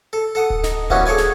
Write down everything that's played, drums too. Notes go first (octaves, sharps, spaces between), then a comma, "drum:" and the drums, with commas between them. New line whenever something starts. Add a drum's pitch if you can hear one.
A4
A4 F#5 D#6
drum: kick D1
D#4, drum: snare
E3 F#3 G3 A#3 B3 C#4, drum: kick D1
G#4 A4 C#5 D5 G#5
drum: snare